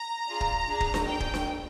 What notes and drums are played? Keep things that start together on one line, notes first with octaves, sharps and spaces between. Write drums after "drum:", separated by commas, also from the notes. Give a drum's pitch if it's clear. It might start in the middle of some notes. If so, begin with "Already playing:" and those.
Already playing: A#5
D4 F4 G#4
drum: kick
D4 G#4
drum: kick
drum: snare D4
D4 G#4 G5
drum: kick
drum: snare D4